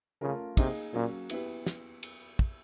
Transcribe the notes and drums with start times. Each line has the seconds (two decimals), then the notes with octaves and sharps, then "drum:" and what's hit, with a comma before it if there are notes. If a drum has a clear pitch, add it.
0.21 C#3 A3 C#4 F4 A#4
0.57 C3 A#3 D#4 G#4, drum: kick, cymbal
0.93 A#2 F#3 A#3 C#4
1.30 B3 E4 G4 B4, drum: cymbal
1.66 drum: snare
2.03 drum: cymbal
2.39 drum: kick